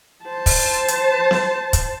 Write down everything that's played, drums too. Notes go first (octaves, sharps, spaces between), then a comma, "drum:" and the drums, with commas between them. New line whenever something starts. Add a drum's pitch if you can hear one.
C5 A5
drum: kick, open hi-hat
drum: hi-hat
drum: snare B3
drum: kick, hi-hat